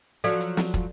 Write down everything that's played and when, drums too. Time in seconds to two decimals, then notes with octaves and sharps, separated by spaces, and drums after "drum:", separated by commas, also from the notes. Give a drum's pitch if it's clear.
0.24 F3 F#3 A4 D5 F5
0.41 drum: hi-hat
0.57 drum: snare
0.74 drum: kick, hi-hat